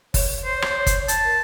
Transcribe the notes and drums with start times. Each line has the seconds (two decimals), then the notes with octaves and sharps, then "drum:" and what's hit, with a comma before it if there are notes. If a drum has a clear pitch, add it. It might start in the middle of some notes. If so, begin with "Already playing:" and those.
0.14 C#5, drum: kick, open hi-hat
0.44 C5
0.62 drum: rim click
0.87 drum: kick, hi-hat
1.08 A5, drum: hi-hat
1.25 A#4